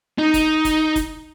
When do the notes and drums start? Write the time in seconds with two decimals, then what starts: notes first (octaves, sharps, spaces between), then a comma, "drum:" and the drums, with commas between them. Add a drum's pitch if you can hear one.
0.18 D#4
0.34 drum: kick F#1, hi-hat
0.65 drum: kick F#1, hi-hat
0.96 drum: kick F#1, hi-hat